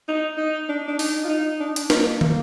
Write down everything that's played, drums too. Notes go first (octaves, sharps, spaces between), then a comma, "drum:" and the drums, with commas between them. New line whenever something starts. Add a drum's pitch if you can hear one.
D#4
D#4
D4
D4
D#4, drum: open hi-hat
F4
D#4
D4
D#4
D4, drum: hi-hat
A#3, drum: snare
A#3, drum: tom